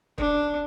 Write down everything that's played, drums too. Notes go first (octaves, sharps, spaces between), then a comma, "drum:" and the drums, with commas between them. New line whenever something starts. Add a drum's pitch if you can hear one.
D4, drum: kick